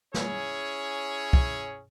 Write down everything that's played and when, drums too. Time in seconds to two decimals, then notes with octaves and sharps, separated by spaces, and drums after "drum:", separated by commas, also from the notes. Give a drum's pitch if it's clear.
0.14 C#4 E4 G#4 C#5, drum: snare
1.33 drum: kick